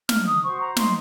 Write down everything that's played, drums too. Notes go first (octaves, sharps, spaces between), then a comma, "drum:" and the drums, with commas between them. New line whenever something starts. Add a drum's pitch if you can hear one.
D#4 F6, drum: snare
D#6
F#4 C5 C#6
A#5
D#4 C6, drum: snare